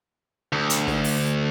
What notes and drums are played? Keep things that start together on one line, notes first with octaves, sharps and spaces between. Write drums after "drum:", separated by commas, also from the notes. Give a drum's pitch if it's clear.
D2
drum: hi-hat
drum: snare
drum: open hi-hat